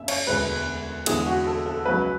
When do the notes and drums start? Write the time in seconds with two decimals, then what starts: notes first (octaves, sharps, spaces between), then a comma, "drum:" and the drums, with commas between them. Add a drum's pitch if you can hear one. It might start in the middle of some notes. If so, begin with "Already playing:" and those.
Already playing: F#1 F#2 C#3 E5
0.08 C#5, drum: cymbal
0.27 E1 D2 D3 G#3 B4
1.06 E2 D3 G#3 G#4, drum: cymbal
1.26 F#4
1.47 A4
1.66 A4
1.85 C#2 C#3 F#3 B4